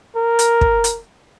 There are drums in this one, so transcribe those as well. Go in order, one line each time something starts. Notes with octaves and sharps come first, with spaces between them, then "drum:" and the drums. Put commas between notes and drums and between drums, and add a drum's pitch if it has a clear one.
A#4
drum: hi-hat
drum: kick
drum: hi-hat